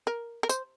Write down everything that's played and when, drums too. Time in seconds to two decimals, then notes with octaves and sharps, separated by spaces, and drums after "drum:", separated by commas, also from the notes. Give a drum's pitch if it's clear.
0.07 A#4
0.43 A#4
0.49 C5, drum: tambourine